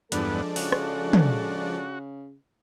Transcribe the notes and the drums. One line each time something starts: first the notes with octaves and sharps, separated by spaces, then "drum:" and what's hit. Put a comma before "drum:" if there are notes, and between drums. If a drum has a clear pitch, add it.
E2 G2 F3 G#3 B3 D4 A4 D5, drum: hi-hat
C#3 F#4, drum: open hi-hat
drum: rim click
drum: tom